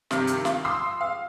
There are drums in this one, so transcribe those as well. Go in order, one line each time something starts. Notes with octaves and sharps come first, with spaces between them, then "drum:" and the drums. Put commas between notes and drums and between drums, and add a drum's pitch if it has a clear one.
G2 C3 D#3, drum: snare
drum: hi-hat
F4, drum: snare
C6 D#6 E6 C7
F5